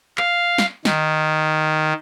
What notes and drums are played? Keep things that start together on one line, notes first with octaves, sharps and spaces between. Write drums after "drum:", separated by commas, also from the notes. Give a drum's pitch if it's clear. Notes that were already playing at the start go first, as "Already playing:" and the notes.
F5, drum: clap
drum: snare
D#3, drum: snare